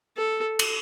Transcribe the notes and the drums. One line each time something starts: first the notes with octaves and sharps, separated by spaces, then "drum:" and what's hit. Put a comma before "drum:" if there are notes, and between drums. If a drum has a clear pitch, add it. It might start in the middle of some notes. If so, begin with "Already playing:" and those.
A4
drum: cymbal